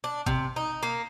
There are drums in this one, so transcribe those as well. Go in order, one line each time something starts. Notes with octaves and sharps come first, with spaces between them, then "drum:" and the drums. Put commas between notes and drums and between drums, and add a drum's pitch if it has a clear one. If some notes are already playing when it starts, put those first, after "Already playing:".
D4
C3, drum: kick G1
D#4
A#3